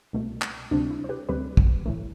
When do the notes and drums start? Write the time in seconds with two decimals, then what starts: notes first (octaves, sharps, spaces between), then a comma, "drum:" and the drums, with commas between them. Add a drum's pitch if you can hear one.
0.13 C2 B2 A3
0.42 drum: clap
0.71 D2 C3 G3 C4 D4
0.90 E4
1.04 C5
1.09 G4 B4
1.29 D2 C3 G3 C4 G4 B4
1.57 drum: kick
1.86 A2 E3 A3